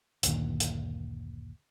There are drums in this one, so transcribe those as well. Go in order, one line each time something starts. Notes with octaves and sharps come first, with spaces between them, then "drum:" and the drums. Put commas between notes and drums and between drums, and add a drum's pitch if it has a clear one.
F#1 D2 A#2 D#3, drum: hi-hat
drum: hi-hat